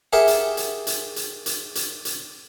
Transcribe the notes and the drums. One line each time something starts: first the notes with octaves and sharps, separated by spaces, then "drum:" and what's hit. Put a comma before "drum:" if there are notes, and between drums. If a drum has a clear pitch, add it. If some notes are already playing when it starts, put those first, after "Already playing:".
G4 G#4 A#4 E5 F#5
drum: hi-hat
drum: hi-hat
drum: hi-hat
drum: hi-hat
drum: hi-hat
drum: hi-hat
drum: hi-hat